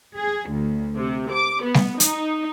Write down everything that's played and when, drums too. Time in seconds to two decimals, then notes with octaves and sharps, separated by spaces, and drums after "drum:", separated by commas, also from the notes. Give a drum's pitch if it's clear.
0.17 G#4
0.51 D2
0.96 C3
1.31 D6
1.63 B3
1.74 drum: snare G3
2.00 D#4, drum: hi-hat